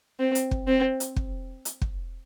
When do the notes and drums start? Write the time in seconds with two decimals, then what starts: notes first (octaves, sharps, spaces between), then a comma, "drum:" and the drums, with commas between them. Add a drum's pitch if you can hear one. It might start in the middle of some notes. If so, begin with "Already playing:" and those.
0.19 C4
0.35 drum: hi-hat
0.51 drum: kick
0.67 C4
1.00 drum: hi-hat
1.16 drum: kick
1.65 drum: hi-hat
1.81 drum: kick